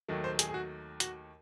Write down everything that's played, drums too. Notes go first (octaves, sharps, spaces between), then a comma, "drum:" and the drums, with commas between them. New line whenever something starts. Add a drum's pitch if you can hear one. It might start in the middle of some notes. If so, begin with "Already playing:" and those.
D#2 D#3 F#3 A3
C5
G#4, drum: hi-hat
G#4
F#4
F#4, drum: hi-hat